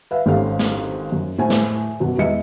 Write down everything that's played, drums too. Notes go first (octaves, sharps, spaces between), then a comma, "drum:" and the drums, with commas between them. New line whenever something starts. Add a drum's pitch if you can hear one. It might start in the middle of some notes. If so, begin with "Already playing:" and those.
B4 E5 F5
G#1 G#2 C#4 G4 A4 F5
drum: snare
F#2
A2 C5 G#5
drum: snare
F#2 B2 F#3
E2 G#3 D#5 E5 C#7